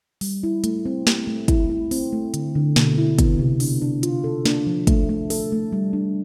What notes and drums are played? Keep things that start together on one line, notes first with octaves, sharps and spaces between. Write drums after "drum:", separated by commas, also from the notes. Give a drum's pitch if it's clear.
G3, drum: open hi-hat
E4
A3, drum: hi-hat
C4
G4, drum: snare
A3
E4, drum: kick, hi-hat
E4
C4, drum: open hi-hat
A3
D3, drum: hi-hat
D3
B2, drum: snare
E4
B3, drum: kick, hi-hat
C3
D4, drum: open hi-hat
D4
F4, drum: hi-hat
A4
D4, drum: snare
F3
A3, drum: kick, hi-hat
A3
A4, drum: open hi-hat
A3
G3
D4